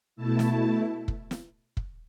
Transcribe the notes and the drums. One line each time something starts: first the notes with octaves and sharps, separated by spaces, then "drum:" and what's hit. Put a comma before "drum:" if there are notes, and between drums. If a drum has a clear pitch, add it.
B2 A3 E4 A5
drum: snare
drum: kick
drum: snare
drum: kick